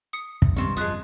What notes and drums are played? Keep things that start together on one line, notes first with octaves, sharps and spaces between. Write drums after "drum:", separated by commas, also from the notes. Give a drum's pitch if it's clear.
D#6 C#7
A1 C3, drum: kick
G2 C3 D#3 G#3 C4 C#4
D1 F2 E3 F3 G#3 D#6 F#6